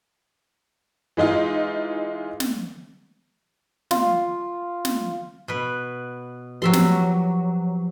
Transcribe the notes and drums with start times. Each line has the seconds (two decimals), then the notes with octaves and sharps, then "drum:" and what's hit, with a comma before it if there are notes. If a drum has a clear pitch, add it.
1.17 E3 G#3 D#4 F4
2.40 drum: snare
3.91 F4, drum: snare
4.85 drum: snare
5.48 B2 B4
6.62 F3 F#3 G4 B4 E5 C6
6.73 drum: snare